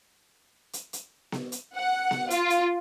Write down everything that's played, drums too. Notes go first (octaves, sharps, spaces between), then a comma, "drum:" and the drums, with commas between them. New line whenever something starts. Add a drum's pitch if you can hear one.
drum: hi-hat
drum: hi-hat
drum: snare B3
drum: hi-hat
F#5
drum: snare B3
F4, drum: hi-hat
drum: hi-hat